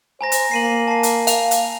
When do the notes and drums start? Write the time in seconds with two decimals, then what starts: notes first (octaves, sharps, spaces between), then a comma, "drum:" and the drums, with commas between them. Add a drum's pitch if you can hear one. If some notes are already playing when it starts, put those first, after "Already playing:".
0.21 C5 G#5 A#5 A#6
0.32 drum: hi-hat
0.51 A#3 C7 D#7 F#7
0.88 A5 C7
1.03 drum: hi-hat
1.27 F5 F7, drum: hi-hat
1.51 drum: hi-hat